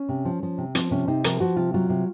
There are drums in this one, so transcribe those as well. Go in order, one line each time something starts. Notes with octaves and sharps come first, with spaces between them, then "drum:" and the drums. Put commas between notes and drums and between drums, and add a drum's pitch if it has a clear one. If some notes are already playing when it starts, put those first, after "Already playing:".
Already playing: C#4
C3
F3
F3
C3
F3 C4, drum: hi-hat
C3 C#4
C3 D#4
F3 A#4, drum: hi-hat
F3 F#4
C3 F4
F#3 F4
C3